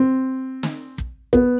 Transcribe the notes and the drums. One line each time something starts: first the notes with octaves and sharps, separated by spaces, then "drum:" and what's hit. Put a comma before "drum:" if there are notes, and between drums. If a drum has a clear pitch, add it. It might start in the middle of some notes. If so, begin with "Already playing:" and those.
Already playing: C4
drum: snare
drum: kick
B3, drum: kick